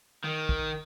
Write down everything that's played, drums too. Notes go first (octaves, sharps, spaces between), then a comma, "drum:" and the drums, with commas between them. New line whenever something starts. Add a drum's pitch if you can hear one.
D#3
drum: kick